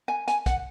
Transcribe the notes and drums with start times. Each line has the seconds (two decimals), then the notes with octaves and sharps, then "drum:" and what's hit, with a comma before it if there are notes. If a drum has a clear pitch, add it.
0.08 G#5
0.28 G#5, drum: hi-hat
0.46 F#5, drum: kick, hi-hat